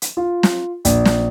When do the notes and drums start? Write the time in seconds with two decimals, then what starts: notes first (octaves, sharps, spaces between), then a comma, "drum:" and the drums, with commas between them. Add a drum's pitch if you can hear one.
0.02 drum: hi-hat
0.17 F4
0.43 drum: snare
0.85 A#1, drum: hi-hat
1.05 drum: snare